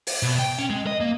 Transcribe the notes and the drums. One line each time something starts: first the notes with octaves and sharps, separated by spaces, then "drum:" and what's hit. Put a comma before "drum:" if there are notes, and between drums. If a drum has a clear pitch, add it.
drum: open hi-hat
B2
G5
C#4
G#3
D#5
A#3